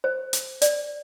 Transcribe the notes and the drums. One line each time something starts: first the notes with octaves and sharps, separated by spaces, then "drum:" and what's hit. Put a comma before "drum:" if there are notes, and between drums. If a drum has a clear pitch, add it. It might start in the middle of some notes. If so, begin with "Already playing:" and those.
C5
drum: hi-hat
D5, drum: hi-hat